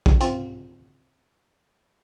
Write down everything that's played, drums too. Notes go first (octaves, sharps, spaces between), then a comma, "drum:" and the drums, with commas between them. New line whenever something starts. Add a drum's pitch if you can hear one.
drum: kick
C4 F4, drum: hi-hat